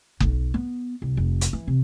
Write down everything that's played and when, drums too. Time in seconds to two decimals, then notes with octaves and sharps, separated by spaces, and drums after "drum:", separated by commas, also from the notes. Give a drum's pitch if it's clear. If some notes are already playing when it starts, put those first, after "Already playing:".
0.20 B1, drum: kick F#1
0.54 B3
1.02 C2
1.17 F1
1.41 drum: hi-hat
1.53 E3
1.67 C3